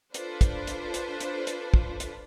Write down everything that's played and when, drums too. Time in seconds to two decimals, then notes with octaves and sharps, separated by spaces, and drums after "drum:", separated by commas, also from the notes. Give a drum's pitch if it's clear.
0.14 D4 F4 A4 B4 C5, drum: hi-hat
0.41 drum: kick, hi-hat
0.67 drum: hi-hat
0.94 drum: hi-hat
1.21 drum: hi-hat
1.47 drum: hi-hat
1.74 drum: kick
2.00 drum: hi-hat